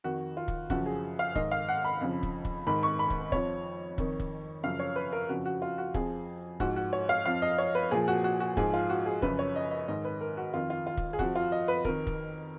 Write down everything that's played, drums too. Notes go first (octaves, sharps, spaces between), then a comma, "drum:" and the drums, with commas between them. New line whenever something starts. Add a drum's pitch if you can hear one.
F2 D#3 F#4
F4
drum: kick
F#2 C#3 F3 F#4, drum: kick
G#4
F5
G#2 D#3 D#5, drum: kick
F5
F#5
B5
F2 C#3 F3
drum: kick
drum: kick
G#2 D#3 B5
C#6
B5
drum: kick
F2 F3 C#5, drum: kick
F2 D#3, drum: kick
drum: kick
F#2 C#3 F3 F5
C#5
B4
A#4
F2 C#3 F3 F#4
F#4
F4
F#4
F2 F3 G#4, drum: kick
G#2 F3 F#4, drum: kick
F#4
C#5
F5
F2 F3 F5
D#5
C#5
B4
A#2 F3 G#4
F#4
F#4
F#4
G#2 F3 G#4, drum: kick
F4
F#4
G#4
F#2 C#3 F3 B4, drum: kick
C#5
D#5
D#5
G#2 D#3 D#5
B4
A#4
F#4
F2 D#3 F4
F4
F4
drum: kick
G#4
F2 F3 F#4, drum: kick
F4
D#5
B4
F2 D#3 A#4, drum: kick
drum: kick